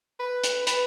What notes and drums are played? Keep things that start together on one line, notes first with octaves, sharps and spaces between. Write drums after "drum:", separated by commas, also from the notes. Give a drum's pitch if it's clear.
B4
drum: hi-hat
B4, drum: hi-hat